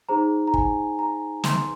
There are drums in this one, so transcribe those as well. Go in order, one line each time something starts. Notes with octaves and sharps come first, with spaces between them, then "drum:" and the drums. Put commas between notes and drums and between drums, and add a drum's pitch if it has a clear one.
D#4 G#4 C5 A#5
A#5
G#5, drum: kick
A#5
C6, drum: snare